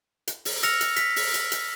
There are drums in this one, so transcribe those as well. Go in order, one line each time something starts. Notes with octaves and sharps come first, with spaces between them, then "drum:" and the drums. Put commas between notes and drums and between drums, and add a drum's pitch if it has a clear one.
drum: hi-hat
drum: open hi-hat
E6 F6 A#6 C#7 F7, drum: hi-hat
drum: hi-hat
B6, drum: hi-hat
drum: open hi-hat
drum: hi-hat
drum: hi-hat